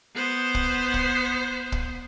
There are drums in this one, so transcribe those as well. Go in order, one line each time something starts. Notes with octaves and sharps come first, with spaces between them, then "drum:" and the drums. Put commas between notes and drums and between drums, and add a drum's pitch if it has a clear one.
B3 C5
drum: kick
drum: kick
drum: kick